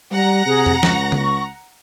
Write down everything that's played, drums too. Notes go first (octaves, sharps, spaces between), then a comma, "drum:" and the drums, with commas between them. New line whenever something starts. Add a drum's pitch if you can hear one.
G3 F#5 A#5 A#6
C3 G#4
drum: tom F2
C#2 C#6, drum: snare
drum: tom C#3